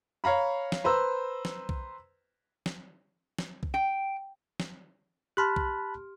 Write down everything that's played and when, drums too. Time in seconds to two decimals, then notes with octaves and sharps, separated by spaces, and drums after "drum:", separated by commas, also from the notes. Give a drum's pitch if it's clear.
0.24 C#5 F5 A#5 B5
0.72 drum: snare
0.84 B4 C5 A#5 E6
1.45 drum: snare
1.69 drum: kick B1
2.66 drum: snare
3.39 drum: snare
3.63 drum: kick B1
3.74 G5
4.60 drum: snare
5.37 G4 A5 B5 C6 F6 F#6
5.56 drum: kick B1